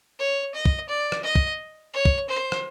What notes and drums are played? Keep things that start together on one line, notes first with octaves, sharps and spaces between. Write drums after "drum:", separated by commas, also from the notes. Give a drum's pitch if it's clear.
C#5
D#5
drum: kick
D5
drum: rim click
D#5
drum: kick
C#5
drum: kick
C5
drum: rim click